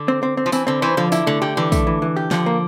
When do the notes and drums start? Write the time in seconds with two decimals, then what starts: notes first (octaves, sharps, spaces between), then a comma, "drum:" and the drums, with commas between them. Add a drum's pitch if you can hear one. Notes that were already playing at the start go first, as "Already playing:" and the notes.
Already playing: D3
0.08 C4
0.23 C4
0.37 C4
0.46 F3
0.52 E3 C4, drum: tambourine
0.67 D3 C4
0.82 E3 C5
0.97 D3 F3
1.12 D3 E4, drum: tambourine
1.26 D3 A3
1.42 D3 G4
1.57 D3 E3
1.72 A3, drum: kick, tambourine
1.87 E3
2.02 E3
2.16 G4
2.31 D3 F3, drum: snare
2.46 A#3